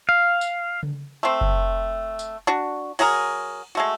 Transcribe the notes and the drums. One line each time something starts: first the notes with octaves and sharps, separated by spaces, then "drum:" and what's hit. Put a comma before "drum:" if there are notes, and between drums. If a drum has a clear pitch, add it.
F5
drum: tambourine
drum: tom C#3
A3 C4
drum: kick F#1
drum: tambourine
D4 F#4
F#3 F#4 G#4 A#4, drum: cymbal
G#3 A3 F#4